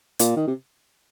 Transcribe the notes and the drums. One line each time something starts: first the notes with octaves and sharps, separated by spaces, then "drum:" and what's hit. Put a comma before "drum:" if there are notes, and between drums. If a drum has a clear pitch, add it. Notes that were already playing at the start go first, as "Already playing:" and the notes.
A#2, drum: hi-hat
D#3
C3